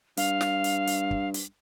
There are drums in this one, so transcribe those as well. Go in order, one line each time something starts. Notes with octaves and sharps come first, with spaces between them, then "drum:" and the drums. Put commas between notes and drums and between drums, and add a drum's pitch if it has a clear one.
G2 F5, drum: hi-hat
drum: snare
drum: hi-hat
drum: hi-hat
drum: kick
drum: hi-hat